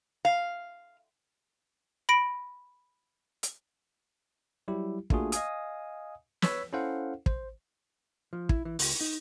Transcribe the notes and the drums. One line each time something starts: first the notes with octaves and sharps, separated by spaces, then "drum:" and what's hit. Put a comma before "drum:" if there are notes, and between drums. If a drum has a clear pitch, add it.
F5
B5 A#6 D7
drum: hi-hat
F#3 G3 E4 G4
A3 A#3 D4 F4 F#4 G#4, drum: kick
D#5 F5 G#5 D#6, drum: hi-hat
B4 C#5 E6 B6, drum: snare
C#4 E4 A4 C5 F5 F#5
C5, drum: kick
F3
E4, drum: kick
E3
C#2, drum: open hi-hat
D#4